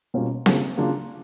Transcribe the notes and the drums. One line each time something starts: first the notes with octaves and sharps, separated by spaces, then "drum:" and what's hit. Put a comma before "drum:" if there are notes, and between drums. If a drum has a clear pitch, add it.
B2 G3 A#3 C#4 F4
C#3 F#3 A#3 D4 F4, drum: snare C4
C#3 F#3 A#3 D4 F4